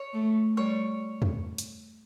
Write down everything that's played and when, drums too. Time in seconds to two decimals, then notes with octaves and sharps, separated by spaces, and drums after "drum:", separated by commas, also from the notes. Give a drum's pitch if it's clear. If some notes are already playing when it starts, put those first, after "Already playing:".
Already playing: C#5
0.13 A3
0.57 G3 C#5
1.22 drum: tom E2
1.58 drum: hi-hat